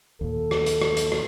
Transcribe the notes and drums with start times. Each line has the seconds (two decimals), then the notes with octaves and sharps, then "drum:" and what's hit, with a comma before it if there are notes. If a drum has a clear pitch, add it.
0.21 D#2 A#2 A4
0.51 drum: rim click
0.66 drum: hi-hat
0.82 drum: rim click
0.97 drum: hi-hat
1.12 drum: rim click